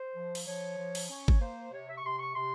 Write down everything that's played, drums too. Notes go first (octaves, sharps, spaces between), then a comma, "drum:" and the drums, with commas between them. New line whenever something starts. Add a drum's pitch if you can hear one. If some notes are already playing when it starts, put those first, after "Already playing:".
Already playing: C5
F3
drum: cymbal
F3 C#5
F3
drum: cymbal
C#4 C#5
drum: kick
A#3 C5
C3 C#5
E5
C#6
C3 C6
C#6
C3 C6